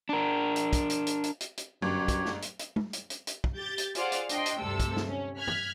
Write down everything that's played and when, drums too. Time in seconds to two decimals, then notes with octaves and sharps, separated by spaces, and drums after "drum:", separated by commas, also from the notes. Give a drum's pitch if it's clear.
0.09 D4 A#4
0.56 drum: hi-hat
0.73 drum: kick, hi-hat
0.90 drum: hi-hat
1.07 drum: hi-hat
1.24 drum: hi-hat
1.41 drum: hi-hat
1.57 drum: hi-hat
1.82 G1 F#2 G4 C#5
2.08 drum: kick, hi-hat
2.25 drum: snare
2.42 drum: hi-hat
2.59 drum: hi-hat
2.76 drum: tom G#3
2.93 drum: hi-hat
3.10 drum: hi-hat
3.27 drum: hi-hat
3.44 drum: kick
3.56 G4 G6 A6
3.78 drum: hi-hat
3.95 F4 G#4 C5 D5 F5 F#5, drum: hi-hat
4.12 drum: hi-hat
4.29 D4 D#5 G5 C6, drum: hi-hat
4.46 drum: hi-hat
4.59 D2 G2 C3 A4 E6
4.80 drum: kick, hi-hat
4.97 drum: snare
5.08 C#4
5.38 F6 F#6 G#6 B6
5.47 drum: tom G2